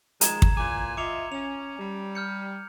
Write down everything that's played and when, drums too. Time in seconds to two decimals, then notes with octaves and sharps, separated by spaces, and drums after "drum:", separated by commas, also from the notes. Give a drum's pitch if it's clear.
0.21 D#3 F3 G#3 A#5 G#6 E7, drum: hi-hat
0.42 drum: kick
0.57 A#2 E3 G#5 D6
0.97 F4 D#5 E5 D6 C#7 F7
1.32 C#4 F7
1.79 G3
2.15 F6 G6 C#7